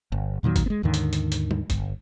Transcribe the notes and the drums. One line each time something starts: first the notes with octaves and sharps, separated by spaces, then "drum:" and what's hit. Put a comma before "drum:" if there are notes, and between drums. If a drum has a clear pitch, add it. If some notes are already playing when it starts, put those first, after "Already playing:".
G1
E2 A#2 D#3 F#3
drum: kick, hi-hat
G#3 B3
D#2 G#2 D3 D#3
drum: hi-hat
drum: hi-hat
drum: hi-hat
drum: tom
G1, drum: kick, hi-hat